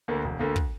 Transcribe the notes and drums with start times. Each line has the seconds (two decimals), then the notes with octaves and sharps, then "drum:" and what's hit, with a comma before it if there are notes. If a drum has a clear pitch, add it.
0.08 D2 D3 A#3
0.24 E1
0.39 D2 D3 A#3
0.56 drum: kick